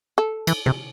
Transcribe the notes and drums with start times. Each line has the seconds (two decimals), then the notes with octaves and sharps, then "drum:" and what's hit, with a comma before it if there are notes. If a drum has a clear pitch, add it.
0.18 A4
0.47 E3, drum: cymbal
0.66 C3, drum: tom